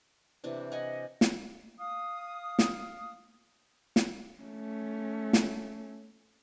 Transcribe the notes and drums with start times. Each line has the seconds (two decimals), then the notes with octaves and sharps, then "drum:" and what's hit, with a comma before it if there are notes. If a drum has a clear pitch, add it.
0.44 C3 E3 D4
0.72 D#5 F#5 G#5
1.21 drum: snare
1.80 F5 D#6
2.59 drum: snare
3.96 drum: snare
4.42 A3 C#4
5.33 drum: snare